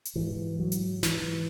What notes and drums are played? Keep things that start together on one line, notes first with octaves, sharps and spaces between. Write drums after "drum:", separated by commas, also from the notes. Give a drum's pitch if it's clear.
drum: hi-hat
G#2 E3
F#3
drum: hi-hat
E3, drum: snare